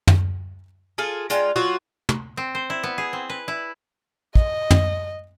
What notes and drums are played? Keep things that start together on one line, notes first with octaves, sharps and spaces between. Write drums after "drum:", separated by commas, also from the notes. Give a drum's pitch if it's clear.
drum: tom
F4 G#4 A4
G#3 D4 F4 G5, drum: hi-hat
F#3 F4 F#4
drum: tom
C4
C5
E4
B3
G#4
C4
B4
E4
D#5, drum: kick
drum: tom